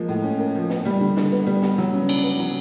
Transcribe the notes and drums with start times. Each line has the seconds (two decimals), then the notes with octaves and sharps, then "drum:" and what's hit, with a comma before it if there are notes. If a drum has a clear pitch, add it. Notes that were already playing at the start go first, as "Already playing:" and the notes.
Already playing: F3 G#3 A#3
0.09 A2
0.23 C#4
0.39 A#3
0.55 F3
0.70 B3, drum: snare
0.85 G3
1.00 D3
1.17 D3, drum: snare
1.32 B3
1.47 G3
1.62 B3, drum: snare
1.78 F#3
1.93 C#3
2.09 D4, drum: cymbal
2.23 B3
2.39 F#3